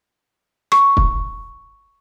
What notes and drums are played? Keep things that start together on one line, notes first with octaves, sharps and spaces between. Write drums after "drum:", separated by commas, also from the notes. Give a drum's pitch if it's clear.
C#6, drum: rim click
drum: kick